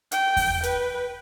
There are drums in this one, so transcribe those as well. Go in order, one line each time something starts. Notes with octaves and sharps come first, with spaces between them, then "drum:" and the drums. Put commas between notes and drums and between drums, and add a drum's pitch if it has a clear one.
G5, drum: hi-hat
drum: kick E2, open hi-hat
B4, drum: hi-hat